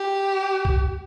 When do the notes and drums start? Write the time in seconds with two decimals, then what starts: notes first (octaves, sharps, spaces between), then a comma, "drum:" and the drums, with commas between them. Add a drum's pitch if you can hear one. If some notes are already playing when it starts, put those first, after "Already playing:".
Already playing: G4
0.65 drum: kick C2